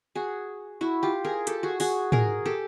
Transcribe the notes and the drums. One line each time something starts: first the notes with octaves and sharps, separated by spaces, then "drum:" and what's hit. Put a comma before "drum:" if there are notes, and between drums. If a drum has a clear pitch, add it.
F#4 G#4
E4 F#4
F4 G4
G#4 A#4
G4 A4, drum: hi-hat
F#4 G#4
F#4 G#4, drum: open hi-hat
G#4 A#4, drum: tom
G4 A4